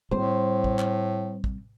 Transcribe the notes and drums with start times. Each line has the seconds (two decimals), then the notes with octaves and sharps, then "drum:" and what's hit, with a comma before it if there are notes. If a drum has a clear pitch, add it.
0.11 A2 G3 C4 C5
0.64 drum: kick
0.79 drum: clap
1.44 drum: kick